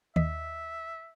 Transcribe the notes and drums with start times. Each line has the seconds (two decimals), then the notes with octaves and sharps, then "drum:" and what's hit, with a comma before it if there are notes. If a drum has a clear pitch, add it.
0.16 D#2 D#5 E5 B6, drum: tom